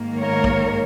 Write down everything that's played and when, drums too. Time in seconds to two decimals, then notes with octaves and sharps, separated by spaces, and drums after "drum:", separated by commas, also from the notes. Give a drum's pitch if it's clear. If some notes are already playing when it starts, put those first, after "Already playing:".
Already playing: G#2 D#3 A#3
0.20 A#4 C#5
0.44 drum: kick A#1